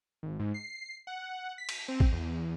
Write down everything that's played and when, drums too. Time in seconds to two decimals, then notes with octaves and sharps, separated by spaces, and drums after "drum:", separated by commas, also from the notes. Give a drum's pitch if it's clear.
0.23 G#1
0.39 G#2
0.54 C7
1.07 F#5
1.58 B6
1.69 drum: cymbal
1.88 C4
2.00 drum: kick A1
2.12 E2